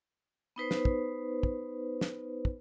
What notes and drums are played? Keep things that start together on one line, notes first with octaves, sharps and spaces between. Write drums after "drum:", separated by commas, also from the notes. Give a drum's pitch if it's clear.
B3 D#4 B4 C5
drum: snare
drum: kick
drum: kick
drum: snare
drum: kick